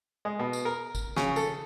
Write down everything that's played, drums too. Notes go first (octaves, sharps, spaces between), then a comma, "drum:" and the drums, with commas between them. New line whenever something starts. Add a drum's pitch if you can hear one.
G#3
B2
drum: tambourine
A#4
drum: kick G1, tambourine
C#3, drum: snare
A4, drum: tambourine